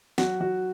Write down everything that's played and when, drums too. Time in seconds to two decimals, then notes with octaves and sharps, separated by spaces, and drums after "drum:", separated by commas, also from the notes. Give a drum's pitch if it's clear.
0.18 F#3 F#4, drum: snare
0.40 F#3 F#4